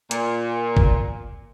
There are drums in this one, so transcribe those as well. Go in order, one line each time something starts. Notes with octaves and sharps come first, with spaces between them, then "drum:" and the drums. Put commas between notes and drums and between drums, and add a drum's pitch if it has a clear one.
A#2, drum: hi-hat
drum: kick